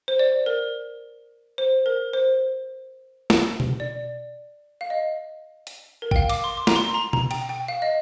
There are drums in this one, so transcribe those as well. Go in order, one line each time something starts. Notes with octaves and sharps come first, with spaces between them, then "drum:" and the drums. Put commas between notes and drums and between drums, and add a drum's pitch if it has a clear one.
C5
D5
A#4
C5
A#4
C5
drum: snare
drum: tom B2
D5
F5
D#5
drum: hi-hat
A#4
G5, drum: kick A1
F5
D6, drum: cymbal
C6
D6
A#5, drum: snare
C6
A#5
A#5, drum: tom B2
G5, drum: cymbal
G5
F5
D#5